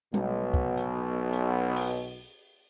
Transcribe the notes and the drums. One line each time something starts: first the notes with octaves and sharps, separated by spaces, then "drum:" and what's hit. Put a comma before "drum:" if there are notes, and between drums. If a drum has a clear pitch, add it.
B1 B2, drum: tom G3
drum: kick
drum: hi-hat
drum: hi-hat
drum: open hi-hat